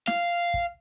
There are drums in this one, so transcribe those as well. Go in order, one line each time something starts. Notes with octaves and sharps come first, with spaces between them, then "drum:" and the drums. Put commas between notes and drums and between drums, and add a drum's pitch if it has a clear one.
F5, drum: snare
drum: kick